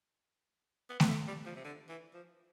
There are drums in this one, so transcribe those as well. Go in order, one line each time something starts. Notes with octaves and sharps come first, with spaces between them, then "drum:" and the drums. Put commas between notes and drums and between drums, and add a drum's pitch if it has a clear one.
B3
B3, drum: snare A3
A3
G3
F3
C3
D3
E3
F3